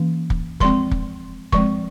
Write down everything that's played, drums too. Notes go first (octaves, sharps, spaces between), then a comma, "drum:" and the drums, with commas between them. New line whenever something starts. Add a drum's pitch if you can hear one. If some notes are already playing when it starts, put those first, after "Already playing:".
Already playing: E3 A#3 C#4
drum: kick
F3 G#3 C4 C6, drum: kick
drum: kick
F3 G#3 C4 C#6, drum: kick